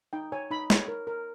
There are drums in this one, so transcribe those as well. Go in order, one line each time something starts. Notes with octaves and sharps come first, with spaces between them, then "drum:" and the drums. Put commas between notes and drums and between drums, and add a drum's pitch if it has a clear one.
D#4 G5
C#5 G#5
D#4 B5
C#5, drum: snare
A#4
A#4